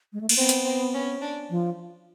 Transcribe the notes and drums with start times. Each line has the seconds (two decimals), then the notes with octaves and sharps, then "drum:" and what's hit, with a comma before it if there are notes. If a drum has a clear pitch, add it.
0.13 G#3
0.21 A3
0.29 A#3, drum: cymbal
0.37 B3 C4
0.49 drum: hi-hat
0.65 C4
0.94 C#4
1.22 D4
1.50 F3